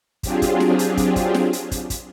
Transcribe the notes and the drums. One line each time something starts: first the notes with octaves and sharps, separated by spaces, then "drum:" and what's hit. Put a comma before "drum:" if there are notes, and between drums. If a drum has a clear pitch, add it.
F#3 C4 D4 F4 G4 G#4, drum: kick, hi-hat
drum: kick, hi-hat
drum: snare
drum: hi-hat
drum: kick, hi-hat
drum: kick, hi-hat
drum: snare
drum: hi-hat
drum: kick, hi-hat
drum: kick, hi-hat